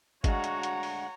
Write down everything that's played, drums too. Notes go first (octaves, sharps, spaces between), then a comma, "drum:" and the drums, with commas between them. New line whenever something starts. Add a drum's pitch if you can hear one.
D2 G#3 D4 F#4 C#5 F5 F#5 A#5, drum: kick G1, hi-hat
drum: hi-hat
drum: hi-hat
drum: open hi-hat